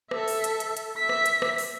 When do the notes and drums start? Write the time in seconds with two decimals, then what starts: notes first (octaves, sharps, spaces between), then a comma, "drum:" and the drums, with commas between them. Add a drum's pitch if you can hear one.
0.11 A4 E5, drum: rim click
0.28 drum: open hi-hat
0.44 drum: hi-hat
0.60 drum: hi-hat
0.77 drum: hi-hat
0.97 E5 B6
1.09 drum: rim click
1.26 drum: hi-hat
1.42 drum: rim click
1.58 drum: open hi-hat